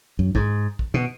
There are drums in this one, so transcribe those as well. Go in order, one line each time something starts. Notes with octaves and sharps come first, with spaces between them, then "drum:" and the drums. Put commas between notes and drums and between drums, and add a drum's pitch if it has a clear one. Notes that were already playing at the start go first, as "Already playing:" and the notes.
F#2
G#2, drum: kick
drum: kick
B2